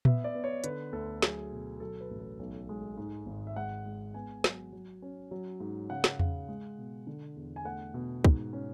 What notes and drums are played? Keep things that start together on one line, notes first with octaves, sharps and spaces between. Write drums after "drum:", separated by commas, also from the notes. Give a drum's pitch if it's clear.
B3 E5, drum: tom A#2
D5
B3
C#5
D3 B4, drum: hi-hat
D2 A4
F#3 G#4, drum: snare
B2
F#3 A4
B4
A1
A4
B1
G#3
G#2
G#1
E5
G#3 F#5
G#3
B3 G#5
F#3, drum: snare
F#3
C#4
F#3
G#2
C#3 F#5
drum: snare
C#3, drum: tom E2
G#3
B2
D3
E2
G#5
A3 F#5
B2
G#2, drum: kick
C#4